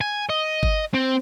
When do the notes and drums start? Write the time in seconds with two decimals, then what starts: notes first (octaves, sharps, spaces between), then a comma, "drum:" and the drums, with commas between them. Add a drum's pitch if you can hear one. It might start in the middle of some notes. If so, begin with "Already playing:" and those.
0.01 G#5
0.29 D#5
0.63 drum: kick G1
0.94 C4